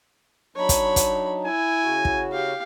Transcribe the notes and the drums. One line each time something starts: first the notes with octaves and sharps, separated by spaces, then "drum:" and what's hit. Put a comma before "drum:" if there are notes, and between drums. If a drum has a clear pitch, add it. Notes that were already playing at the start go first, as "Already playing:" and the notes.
F#3 D4 D#4 C#5 B5
drum: kick, hi-hat
drum: kick, hi-hat
E4 G#5
C#3 F#4
drum: kick
G4 F5